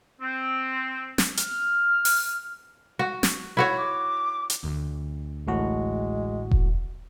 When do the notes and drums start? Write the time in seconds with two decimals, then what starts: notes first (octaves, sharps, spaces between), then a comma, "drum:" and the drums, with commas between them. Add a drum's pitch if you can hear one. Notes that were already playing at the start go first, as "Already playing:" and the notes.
0.21 C4
1.18 drum: snare
1.37 F6, drum: hi-hat
2.05 drum: open hi-hat
2.99 F#4
3.23 drum: snare
3.57 E4 F#4 C#5
3.76 D6
4.50 drum: hi-hat
4.63 D2
5.47 A1 A2 G#3 F#4
6.51 drum: kick E1